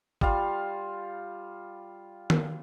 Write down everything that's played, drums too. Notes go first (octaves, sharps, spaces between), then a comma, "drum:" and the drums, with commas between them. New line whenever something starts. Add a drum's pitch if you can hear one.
G3 F4 F5, drum: kick
drum: tom D#3